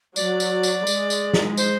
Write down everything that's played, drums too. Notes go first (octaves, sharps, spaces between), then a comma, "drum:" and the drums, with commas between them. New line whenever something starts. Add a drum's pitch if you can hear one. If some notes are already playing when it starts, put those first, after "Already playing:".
F#3 D5, drum: tambourine
drum: tambourine
drum: tambourine
G#3, drum: tambourine
drum: tambourine
drum: snare
C5, drum: tambourine